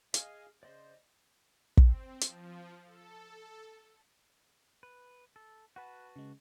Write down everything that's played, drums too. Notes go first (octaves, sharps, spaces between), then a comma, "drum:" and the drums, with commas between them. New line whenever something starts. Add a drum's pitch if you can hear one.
G#4 D#5 F5 G#5 F6, drum: hi-hat
C#3 C5 D5 D#5
C4, drum: kick
F3, drum: hi-hat
A4
B4
A4
F#4 B4 F#5 A5 B5
C#3 G#3